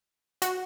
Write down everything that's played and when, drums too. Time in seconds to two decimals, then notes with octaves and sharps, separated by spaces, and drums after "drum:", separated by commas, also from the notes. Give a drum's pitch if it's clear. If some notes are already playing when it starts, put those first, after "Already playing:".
0.42 F#4, drum: hi-hat